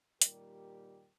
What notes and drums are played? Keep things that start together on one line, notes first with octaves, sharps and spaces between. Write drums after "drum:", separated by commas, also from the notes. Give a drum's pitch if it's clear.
A#2 D#3 G3 G4 A#4, drum: hi-hat